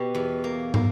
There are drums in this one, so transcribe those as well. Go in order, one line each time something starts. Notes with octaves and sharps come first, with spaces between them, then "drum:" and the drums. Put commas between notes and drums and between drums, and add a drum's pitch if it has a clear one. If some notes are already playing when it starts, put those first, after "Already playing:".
Already playing: B2 G4 B4
E2
A#3
A#3, drum: tom